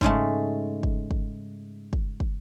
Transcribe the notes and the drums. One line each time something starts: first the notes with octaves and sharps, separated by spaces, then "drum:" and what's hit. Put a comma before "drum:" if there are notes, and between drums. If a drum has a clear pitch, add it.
G#2 C#3 G#3 A3, drum: kick
drum: kick
drum: kick
drum: kick
drum: kick